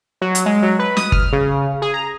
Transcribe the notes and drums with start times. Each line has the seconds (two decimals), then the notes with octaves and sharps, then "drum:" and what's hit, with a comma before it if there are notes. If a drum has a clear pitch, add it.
0.21 F#3
0.35 drum: hi-hat
0.46 G#3
0.62 F#3
0.79 B4
0.97 D#6, drum: snare
1.12 F6, drum: kick G1
1.32 C#3
1.82 G#4
1.94 A#5